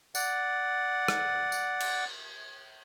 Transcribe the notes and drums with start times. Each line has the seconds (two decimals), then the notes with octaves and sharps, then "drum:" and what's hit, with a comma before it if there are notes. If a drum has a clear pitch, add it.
0.15 D5 F#5, drum: tambourine
1.08 drum: rim click
1.52 drum: tambourine
1.80 drum: cymbal